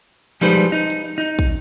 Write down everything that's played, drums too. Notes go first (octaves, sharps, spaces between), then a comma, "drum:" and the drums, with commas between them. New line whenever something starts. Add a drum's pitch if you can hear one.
F3 G3 G#3 D#4 B4 C5, drum: hi-hat
D#4
drum: hi-hat
D#4
drum: kick